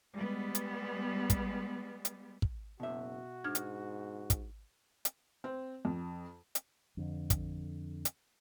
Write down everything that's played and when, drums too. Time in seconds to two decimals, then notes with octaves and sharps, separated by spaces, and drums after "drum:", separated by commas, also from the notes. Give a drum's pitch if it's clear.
0.15 G3 G#3 B3
0.55 drum: hi-hat
1.30 drum: kick, hi-hat
2.05 drum: hi-hat
2.42 drum: kick
2.80 F#1 B2 F#4 E5
3.44 G#2 D4 F6 G#6
3.55 drum: hi-hat
4.30 drum: kick, hi-hat
5.05 drum: hi-hat
5.44 C4
5.85 F2
6.55 drum: hi-hat
6.97 F2 D3
7.30 drum: kick, hi-hat
8.05 drum: hi-hat